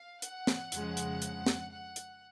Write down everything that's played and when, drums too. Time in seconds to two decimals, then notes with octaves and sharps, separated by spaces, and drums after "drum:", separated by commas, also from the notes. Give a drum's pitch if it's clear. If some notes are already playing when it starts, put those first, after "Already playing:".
Already playing: F5
0.22 F#5, drum: hi-hat
0.47 drum: snare
0.72 F2 C#3 F3 G#3, drum: hi-hat
0.97 drum: hi-hat
1.22 drum: hi-hat
1.46 drum: snare
1.71 F#5
1.96 drum: hi-hat